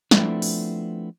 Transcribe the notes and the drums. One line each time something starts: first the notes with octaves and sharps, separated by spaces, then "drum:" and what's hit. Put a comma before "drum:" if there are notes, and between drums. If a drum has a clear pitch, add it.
F3 A3 B3 C4 D4 E4, drum: snare
drum: open hi-hat